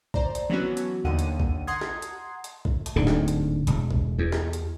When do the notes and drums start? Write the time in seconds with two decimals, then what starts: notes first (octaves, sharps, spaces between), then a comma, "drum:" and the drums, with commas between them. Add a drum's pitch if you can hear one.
0.14 C5 D5 A#5, drum: kick A#1
0.35 drum: hi-hat
0.50 E3 F#3 B3 C#4 F#4
0.77 drum: hi-hat
1.05 D#2 D3 F#5 D#7
1.19 drum: hi-hat
1.40 drum: kick A#1
1.67 F#5 A#5 C6 D#6 G#6 C7
1.81 drum: snare
2.02 drum: hi-hat
2.44 drum: hi-hat
2.65 drum: kick A#1
2.86 drum: hi-hat
2.96 D1 G#2 D3
3.07 drum: snare
3.28 drum: hi-hat
3.67 E1, drum: hi-hat
3.91 drum: kick A#1
4.18 E2
4.32 drum: snare
4.53 drum: hi-hat